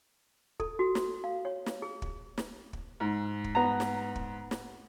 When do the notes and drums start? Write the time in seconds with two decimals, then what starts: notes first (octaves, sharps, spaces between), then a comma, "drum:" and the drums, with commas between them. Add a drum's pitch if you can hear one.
0.60 A4, drum: kick
0.79 F#4
0.95 drum: snare
1.24 F5
1.45 C#5
1.66 drum: snare
1.82 G#4
2.02 drum: kick
2.38 drum: snare
2.73 drum: kick
3.00 G#2
3.44 drum: kick
3.55 B3 A#5
3.80 drum: snare
4.15 drum: kick
4.51 drum: snare